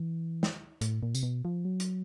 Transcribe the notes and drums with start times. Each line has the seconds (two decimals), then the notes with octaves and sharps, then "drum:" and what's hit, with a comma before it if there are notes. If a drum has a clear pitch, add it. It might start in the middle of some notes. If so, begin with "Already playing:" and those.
Already playing: E3
0.43 drum: snare
0.81 A2, drum: hi-hat
1.03 A#2
1.15 C3, drum: tambourine
1.23 B2
1.45 F3
1.65 F#3
1.80 drum: hi-hat